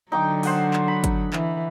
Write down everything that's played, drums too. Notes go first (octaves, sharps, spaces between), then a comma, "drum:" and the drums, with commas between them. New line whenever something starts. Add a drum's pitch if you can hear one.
D3 F#3 D#4 G5 D6
C5 F#5 D#6, drum: open hi-hat
drum: clap
B5
drum: kick G1, hi-hat
E3, drum: clap